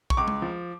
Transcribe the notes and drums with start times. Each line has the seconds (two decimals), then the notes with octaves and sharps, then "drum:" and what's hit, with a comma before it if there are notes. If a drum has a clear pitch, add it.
0.10 C#6, drum: kick A#1
0.17 C#2 D6
0.28 drum: tom G#3
0.42 F3